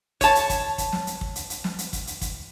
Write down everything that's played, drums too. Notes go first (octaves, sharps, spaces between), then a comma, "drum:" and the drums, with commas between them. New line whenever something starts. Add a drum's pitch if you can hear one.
C#5 A5, drum: kick, hi-hat
drum: hi-hat
drum: kick, hi-hat
drum: kick, hi-hat
drum: snare
drum: hi-hat
drum: kick
drum: hi-hat
drum: hi-hat
drum: snare
drum: hi-hat
drum: kick, hi-hat
drum: hi-hat
drum: kick, hi-hat